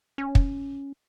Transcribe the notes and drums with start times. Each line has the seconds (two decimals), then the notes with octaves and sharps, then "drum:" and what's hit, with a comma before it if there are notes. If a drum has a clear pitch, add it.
0.18 C#4
0.35 drum: kick